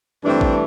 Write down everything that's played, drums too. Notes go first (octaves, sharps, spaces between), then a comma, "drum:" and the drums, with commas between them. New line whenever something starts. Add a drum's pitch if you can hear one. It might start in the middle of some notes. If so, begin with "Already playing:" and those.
G2 E3 A3 C4 D4
drum: kick A1